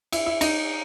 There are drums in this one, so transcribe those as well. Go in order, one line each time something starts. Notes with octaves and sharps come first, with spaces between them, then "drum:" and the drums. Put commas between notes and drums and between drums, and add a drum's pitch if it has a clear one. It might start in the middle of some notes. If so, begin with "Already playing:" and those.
E4, drum: cymbal
E4
D#4, drum: cymbal